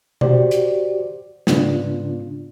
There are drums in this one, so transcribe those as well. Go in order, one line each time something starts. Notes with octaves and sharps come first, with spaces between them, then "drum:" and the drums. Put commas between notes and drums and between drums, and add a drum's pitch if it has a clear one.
F#4 G4 C5 D5, drum: tom B2
drum: hi-hat
G#2 C#3 B3 D4 F4, drum: snare